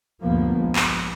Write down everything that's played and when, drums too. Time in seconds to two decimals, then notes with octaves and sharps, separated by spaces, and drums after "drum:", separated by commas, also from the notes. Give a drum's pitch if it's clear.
0.22 D2 G2 A#2 F3 A#3 B3
0.57 A#1 G#3
0.76 drum: clap